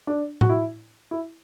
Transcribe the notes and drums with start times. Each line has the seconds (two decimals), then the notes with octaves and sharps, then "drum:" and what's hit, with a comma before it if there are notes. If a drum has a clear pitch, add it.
0.07 D4
0.41 F#4, drum: tom A2
0.49 E4
1.11 E4